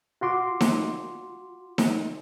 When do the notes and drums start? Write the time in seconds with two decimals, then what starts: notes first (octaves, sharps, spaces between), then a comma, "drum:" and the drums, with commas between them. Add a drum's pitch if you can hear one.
0.21 F4 F#4 C6 D6
0.61 drum: snare D#4
1.78 drum: snare D#4